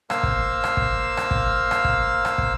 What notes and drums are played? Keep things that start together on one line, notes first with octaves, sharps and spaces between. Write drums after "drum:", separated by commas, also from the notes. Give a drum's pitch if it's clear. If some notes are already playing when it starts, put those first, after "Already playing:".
A#3 C5 F5 E6, drum: rim click
drum: kick
drum: rim click
drum: kick
drum: rim click
drum: kick
drum: rim click
drum: kick
drum: rim click
drum: kick